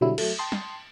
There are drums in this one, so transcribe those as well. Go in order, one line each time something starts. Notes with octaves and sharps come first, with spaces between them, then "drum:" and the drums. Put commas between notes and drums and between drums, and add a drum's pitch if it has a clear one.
B2 D3 F#3 G3 E4
F#3 A3, drum: cymbal
G5 A5 C6 D#6
drum: snare